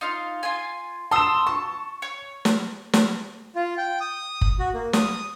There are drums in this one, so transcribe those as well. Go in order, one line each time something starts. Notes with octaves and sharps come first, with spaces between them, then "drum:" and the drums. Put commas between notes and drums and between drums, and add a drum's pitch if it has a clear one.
D#4 F4 F5
F4 G#5
A5 C6 D#6 E6 E7
A5 C#6
C#5
drum: snare
drum: snare
F4
G5
D#6
drum: kick F#1
F#4
A#3
D#6, drum: snare